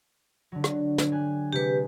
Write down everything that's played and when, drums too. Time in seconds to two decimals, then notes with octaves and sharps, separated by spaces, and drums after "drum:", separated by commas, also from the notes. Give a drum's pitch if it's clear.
0.52 D3 F#3
0.64 drum: rim click
0.98 drum: snare
1.12 G4 G#5 F#6
1.53 C3 G#3 G4 B4